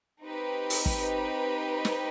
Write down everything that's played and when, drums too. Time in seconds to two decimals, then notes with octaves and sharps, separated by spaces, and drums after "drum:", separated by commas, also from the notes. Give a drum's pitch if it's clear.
0.23 C4 D#4 G4 B4
0.70 drum: open hi-hat
0.86 drum: kick
1.85 drum: snare